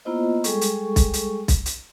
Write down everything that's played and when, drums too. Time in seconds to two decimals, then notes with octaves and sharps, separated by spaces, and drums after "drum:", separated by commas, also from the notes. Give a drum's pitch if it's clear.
0.05 A#3 B3 E4 F4 C5 D#5
0.44 G3 G#3 G#4 A4 C#6, drum: hi-hat
0.61 drum: hi-hat
0.96 drum: kick B1, hi-hat
1.13 drum: hi-hat
1.48 drum: kick B1, hi-hat
1.66 drum: hi-hat